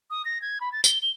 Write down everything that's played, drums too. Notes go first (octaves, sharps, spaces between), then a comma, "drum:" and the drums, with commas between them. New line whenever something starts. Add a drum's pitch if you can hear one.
D#6
A#6
G#6
B5
A6
G7, drum: tambourine
G7